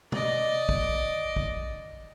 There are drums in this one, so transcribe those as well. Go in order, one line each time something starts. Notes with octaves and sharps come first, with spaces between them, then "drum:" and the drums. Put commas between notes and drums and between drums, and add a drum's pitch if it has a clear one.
D5 D#5, drum: tom B2
drum: kick
drum: kick